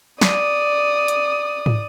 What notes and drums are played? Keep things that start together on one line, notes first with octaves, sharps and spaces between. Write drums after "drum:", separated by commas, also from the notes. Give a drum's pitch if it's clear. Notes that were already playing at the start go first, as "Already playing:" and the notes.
D5 D#6, drum: snare
drum: hi-hat
drum: tom